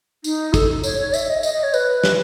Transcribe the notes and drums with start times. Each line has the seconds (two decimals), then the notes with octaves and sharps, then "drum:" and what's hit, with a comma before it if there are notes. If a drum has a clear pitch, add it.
0.24 D#4, drum: tambourine
0.54 A4, drum: kick, tambourine
0.83 C#5, drum: tambourine
0.98 C#5
1.14 E5, drum: tambourine
1.29 D#5
1.43 D#5, drum: tambourine
1.54 D#5
1.63 C#5
1.74 B4, drum: tambourine
2.04 drum: snare